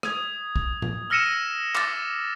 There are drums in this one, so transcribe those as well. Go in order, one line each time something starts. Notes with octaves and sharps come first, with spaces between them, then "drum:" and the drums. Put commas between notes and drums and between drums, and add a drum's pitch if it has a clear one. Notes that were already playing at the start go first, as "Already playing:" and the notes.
D#6 G#6, drum: rim click
drum: kick
drum: tom A2
E6 F6 A#6 C#7 D#7 E7
D#7
D6 A6, drum: clap